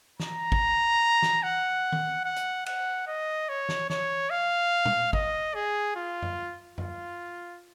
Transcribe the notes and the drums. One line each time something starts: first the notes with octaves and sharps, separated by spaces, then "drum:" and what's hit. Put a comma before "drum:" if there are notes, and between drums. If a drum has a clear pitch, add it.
A#5, drum: snare
drum: kick
drum: snare
F#5
drum: tom
F#5
drum: hi-hat
F#5, drum: cymbal
D#5
C#5
drum: snare
C#5, drum: snare
F5
drum: tom
D#5, drum: kick
G#4
F4
drum: tom F#2
F4, drum: tom F#2